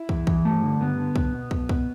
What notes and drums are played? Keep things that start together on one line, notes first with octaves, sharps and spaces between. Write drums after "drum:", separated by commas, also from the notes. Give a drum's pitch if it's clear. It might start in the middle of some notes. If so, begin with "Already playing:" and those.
Already playing: E4
E2, drum: kick
E3, drum: kick
G2 A3
D3
G2 B3
D3
B1, drum: kick
B2
B1, drum: kick
B2, drum: kick